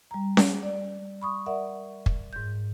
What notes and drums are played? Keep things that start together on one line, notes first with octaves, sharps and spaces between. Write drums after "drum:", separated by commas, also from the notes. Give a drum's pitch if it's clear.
G3 A#5
drum: snare C#4
D5
B5 C#6 D#6
A#4 D5 E5 F#5
drum: kick
G#2 G6